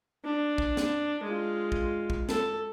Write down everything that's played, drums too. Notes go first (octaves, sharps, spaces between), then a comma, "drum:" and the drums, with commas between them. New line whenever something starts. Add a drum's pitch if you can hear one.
D4
drum: kick
drum: snare
G#3 F4
drum: kick
drum: kick
A4, drum: snare